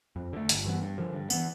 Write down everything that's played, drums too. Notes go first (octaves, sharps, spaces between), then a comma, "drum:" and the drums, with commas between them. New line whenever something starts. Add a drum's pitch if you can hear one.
F2
D3 A3
G1, drum: hi-hat
G2 E3 B3
G2
D3 F3
G2
E3 B3, drum: tambourine